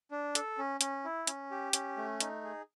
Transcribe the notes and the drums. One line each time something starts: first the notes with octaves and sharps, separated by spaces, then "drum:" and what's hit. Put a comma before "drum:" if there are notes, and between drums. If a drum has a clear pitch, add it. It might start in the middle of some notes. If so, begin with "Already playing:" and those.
D4
A4, drum: hi-hat
C#4
C#4, drum: hi-hat
E4
C#4, drum: hi-hat
G4
C#4, drum: hi-hat
A3
D#4, drum: hi-hat
G#4